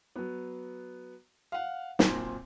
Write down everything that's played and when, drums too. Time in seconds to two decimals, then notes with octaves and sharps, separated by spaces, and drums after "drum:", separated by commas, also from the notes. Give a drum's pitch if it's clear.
0.16 F#3 B3
1.52 F5 F#5
1.99 F#2 A#2 C4, drum: snare